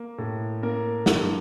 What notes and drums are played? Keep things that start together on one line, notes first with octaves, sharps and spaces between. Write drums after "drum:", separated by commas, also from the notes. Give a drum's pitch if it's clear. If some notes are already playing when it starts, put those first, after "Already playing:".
Already playing: A#3
A2
A#3 A#4
G2, drum: snare